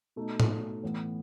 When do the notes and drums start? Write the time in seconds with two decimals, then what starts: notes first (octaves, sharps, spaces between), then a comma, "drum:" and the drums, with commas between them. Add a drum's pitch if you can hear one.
0.16 B2 A3 D#4
0.40 drum: tom
0.83 A2 E3 B3